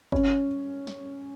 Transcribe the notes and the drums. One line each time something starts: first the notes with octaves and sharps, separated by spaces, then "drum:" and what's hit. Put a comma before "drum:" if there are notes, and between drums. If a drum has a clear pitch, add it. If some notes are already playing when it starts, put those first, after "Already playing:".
C#4, drum: kick
drum: snare